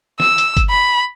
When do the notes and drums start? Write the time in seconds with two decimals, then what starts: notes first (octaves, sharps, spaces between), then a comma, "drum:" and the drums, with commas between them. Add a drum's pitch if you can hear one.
0.20 E6, drum: snare
0.38 drum: hi-hat
0.57 drum: kick G1, hi-hat
0.70 B5